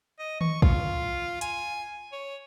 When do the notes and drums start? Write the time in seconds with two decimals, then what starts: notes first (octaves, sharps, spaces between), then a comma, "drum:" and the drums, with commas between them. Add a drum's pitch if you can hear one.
0.19 D#5
0.41 C#6, drum: tom D#3
0.62 F4, drum: kick
1.41 G#5, drum: hi-hat
2.12 C#5